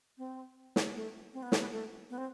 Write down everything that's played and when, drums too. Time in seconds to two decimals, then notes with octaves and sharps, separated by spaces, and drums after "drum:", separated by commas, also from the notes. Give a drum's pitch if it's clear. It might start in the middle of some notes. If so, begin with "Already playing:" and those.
0.18 C4
0.76 drum: snare
0.96 A3
1.33 C4
1.42 B3
1.52 A3, drum: snare
1.61 B3
1.72 A3
2.10 B3
2.18 C4